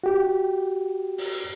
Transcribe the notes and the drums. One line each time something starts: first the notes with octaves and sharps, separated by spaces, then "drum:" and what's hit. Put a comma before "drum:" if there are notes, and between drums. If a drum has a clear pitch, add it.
F#4 G4
drum: open hi-hat